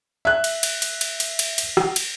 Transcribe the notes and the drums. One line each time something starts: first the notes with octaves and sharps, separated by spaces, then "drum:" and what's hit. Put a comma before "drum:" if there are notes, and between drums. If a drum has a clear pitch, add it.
E5 F#6
drum: cymbal
drum: cymbal
drum: cymbal
drum: cymbal
drum: cymbal
drum: cymbal
drum: cymbal
drum: rim click
drum: cymbal